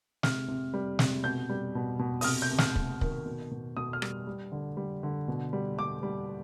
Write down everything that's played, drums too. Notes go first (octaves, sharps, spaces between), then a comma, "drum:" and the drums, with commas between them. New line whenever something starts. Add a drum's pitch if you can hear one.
C3 F6, drum: snare
C3
G3
C3, drum: snare
B2 G6
G3
B2
B2
D#6, drum: open hi-hat
C3 F6
G6
C3
F6, drum: snare
C3, drum: kick
D#3, drum: kick
B2
B2
B2 D#6
F6
G3, drum: rim click
G3
D3
G3
D3
B2
G3
G3 D6
G3